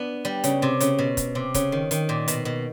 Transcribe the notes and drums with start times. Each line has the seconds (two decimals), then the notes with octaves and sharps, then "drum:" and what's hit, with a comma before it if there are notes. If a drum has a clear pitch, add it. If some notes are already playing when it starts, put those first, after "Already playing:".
Already playing: B3 D4
0.25 G3
0.44 C#3, drum: hi-hat
0.62 C3
0.80 C#3, drum: hi-hat
0.99 B2
1.17 drum: kick, hi-hat
1.35 C3
1.54 C#3, drum: kick, hi-hat
1.72 D#3
1.91 D#3, drum: hi-hat
2.09 A#2
2.28 B2, drum: hi-hat
2.45 B2